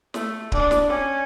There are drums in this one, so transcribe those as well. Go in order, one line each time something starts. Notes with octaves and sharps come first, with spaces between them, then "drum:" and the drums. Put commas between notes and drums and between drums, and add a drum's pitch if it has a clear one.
A3, drum: snare
D4, drum: kick D1
drum: snare
C#4